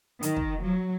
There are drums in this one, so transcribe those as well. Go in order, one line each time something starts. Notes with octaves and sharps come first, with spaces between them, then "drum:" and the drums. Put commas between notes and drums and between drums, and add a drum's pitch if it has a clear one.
D#3, drum: hi-hat
drum: kick
F#3